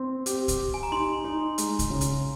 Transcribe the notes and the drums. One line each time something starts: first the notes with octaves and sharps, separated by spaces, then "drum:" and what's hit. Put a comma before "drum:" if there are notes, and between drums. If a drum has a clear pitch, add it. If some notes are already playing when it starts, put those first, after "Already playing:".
Already playing: C4 C6
G4, drum: hi-hat
drum: kick, hi-hat
G4
G#5
A#5
D#4 C6
D#4
G#3, drum: hi-hat
drum: kick, hi-hat
C#3
drum: hi-hat